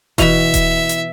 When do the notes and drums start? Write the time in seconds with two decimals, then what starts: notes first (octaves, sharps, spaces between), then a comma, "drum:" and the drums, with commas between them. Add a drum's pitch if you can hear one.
0.18 B2 E3 E5 F7, drum: kick D#1, hi-hat
0.54 drum: kick D#1, hi-hat
0.89 drum: hi-hat